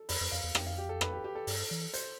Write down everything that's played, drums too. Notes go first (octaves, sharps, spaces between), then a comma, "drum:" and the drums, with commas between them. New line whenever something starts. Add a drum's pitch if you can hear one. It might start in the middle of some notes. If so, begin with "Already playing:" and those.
Already playing: A4
F2 B4, drum: open hi-hat
F2
F2 F5
E2
F2 G5, drum: rim click
F5
G4
A4
B4, drum: rim click
G4
G4
A4
G2, drum: open hi-hat
E3
C5, drum: hi-hat